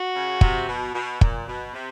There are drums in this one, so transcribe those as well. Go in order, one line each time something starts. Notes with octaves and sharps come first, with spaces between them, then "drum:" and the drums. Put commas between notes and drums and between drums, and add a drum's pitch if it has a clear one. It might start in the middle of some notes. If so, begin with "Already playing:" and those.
Already playing: F#4
C#3
C3, drum: kick
B2
B2
A#2, drum: kick
B2
C3